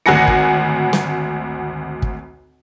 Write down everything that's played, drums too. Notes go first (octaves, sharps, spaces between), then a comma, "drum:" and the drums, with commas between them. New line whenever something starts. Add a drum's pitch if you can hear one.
G#1 D2 F#5 G#5 A#6 C#7
drum: kick
drum: snare
drum: kick